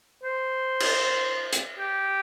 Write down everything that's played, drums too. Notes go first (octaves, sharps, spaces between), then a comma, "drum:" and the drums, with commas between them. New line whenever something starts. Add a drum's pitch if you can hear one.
C5
drum: cymbal
drum: hi-hat
G4